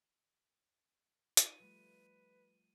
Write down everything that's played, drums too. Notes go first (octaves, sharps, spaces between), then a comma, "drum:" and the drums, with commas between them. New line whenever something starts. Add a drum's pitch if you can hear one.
D#4 F4 B4 D#7, drum: hi-hat
F3 G3 A3 B4